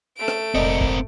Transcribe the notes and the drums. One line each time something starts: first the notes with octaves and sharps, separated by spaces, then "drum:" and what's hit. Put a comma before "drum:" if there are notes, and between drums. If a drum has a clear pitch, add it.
A3 D7
drum: rim click
F1 A#1 C4 A#4 D5 D#5 C#7
drum: kick